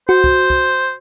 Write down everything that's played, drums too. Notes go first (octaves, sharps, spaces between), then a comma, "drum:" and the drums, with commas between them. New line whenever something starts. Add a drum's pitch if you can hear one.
F#4 C5
drum: kick
drum: kick